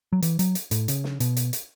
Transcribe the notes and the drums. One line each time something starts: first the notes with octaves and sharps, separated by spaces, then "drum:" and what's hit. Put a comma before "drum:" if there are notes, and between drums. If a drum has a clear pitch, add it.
F#3
E3, drum: hi-hat
F#3, drum: hi-hat
drum: hi-hat
A2, drum: hi-hat
C#3, drum: hi-hat
drum: snare
B2, drum: hi-hat
drum: hi-hat
drum: hi-hat